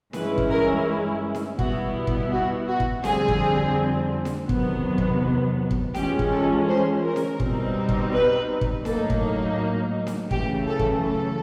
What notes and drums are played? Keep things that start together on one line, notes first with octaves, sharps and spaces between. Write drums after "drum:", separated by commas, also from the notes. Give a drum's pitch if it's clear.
G2 E3 G#3 C#4 E4 B4, drum: snare D4
drum: kick
A#4
drum: snare D4
B2 G3 B3 E4 F#4, drum: kick
drum: kick
F#4
F#4
drum: kick
F2 D3 G3 C4 G#4, drum: snare D4
drum: kick
drum: snare D4
E2 C3 D#3 F#3 B3, drum: kick
drum: kick
drum: kick
E3 G#3 C#4 F4 G4, drum: snare D4
drum: kick
A4
C5
A#4
drum: snare D4
B2 G3 C4 D#4, drum: kick
drum: kick
B4
drum: kick
A2 F#3 A#3 D#4 A4, drum: snare D4
drum: kick
drum: snare D4
F#2 C#3 E3 A3 G4, drum: kick
A4
drum: kick
A4